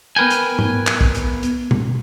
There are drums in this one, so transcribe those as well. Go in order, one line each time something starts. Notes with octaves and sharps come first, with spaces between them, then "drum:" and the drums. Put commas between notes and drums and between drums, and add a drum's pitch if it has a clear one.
B3 A#4 B4 G5 G#5
drum: hi-hat
drum: tom G#2
drum: clap
drum: kick
drum: hi-hat
drum: hi-hat
drum: tom B2